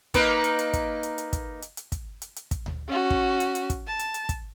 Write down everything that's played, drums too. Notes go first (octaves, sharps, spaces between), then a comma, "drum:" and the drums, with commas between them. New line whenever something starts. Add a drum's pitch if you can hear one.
A#3 D#4 B4, drum: kick, hi-hat
drum: hi-hat
drum: hi-hat
drum: kick, hi-hat
drum: hi-hat
drum: hi-hat
drum: kick, hi-hat
drum: hi-hat
drum: hi-hat
drum: kick, hi-hat
drum: hi-hat
drum: hi-hat
drum: kick, hi-hat
drum: tom D2
C#4 F#4
drum: kick
drum: hi-hat
drum: hi-hat
drum: kick, hi-hat
A5
drum: hi-hat
drum: hi-hat
drum: kick, hi-hat